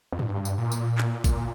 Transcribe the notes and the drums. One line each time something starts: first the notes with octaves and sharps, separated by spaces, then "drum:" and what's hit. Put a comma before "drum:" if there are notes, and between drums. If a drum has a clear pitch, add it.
F2
G2, drum: tom
drum: tambourine
A#2
drum: tambourine
drum: clap
drum: kick, tambourine